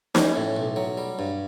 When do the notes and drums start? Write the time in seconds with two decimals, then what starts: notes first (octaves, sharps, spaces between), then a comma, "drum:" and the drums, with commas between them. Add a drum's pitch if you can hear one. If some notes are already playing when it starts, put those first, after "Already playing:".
0.15 C#4, drum: snare D#4
0.36 A2
0.57 B1
0.76 F#3
0.97 G3
1.19 G2